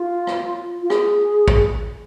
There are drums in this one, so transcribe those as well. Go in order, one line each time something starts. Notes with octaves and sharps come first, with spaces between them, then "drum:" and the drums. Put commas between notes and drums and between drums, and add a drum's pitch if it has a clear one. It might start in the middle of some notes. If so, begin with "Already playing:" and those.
Already playing: F4
drum: rim click
F4
G#4, drum: rim click
drum: kick